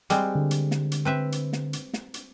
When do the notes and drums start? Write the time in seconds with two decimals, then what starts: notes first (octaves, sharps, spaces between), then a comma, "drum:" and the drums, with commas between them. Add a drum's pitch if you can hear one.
0.10 G3 G#3 C4, drum: hi-hat
0.35 D3
0.51 drum: hi-hat
0.71 drum: snare
0.92 drum: hi-hat
1.05 C4 B4 E5
1.32 drum: hi-hat
1.53 drum: snare
1.73 drum: hi-hat
1.93 drum: snare
2.14 drum: hi-hat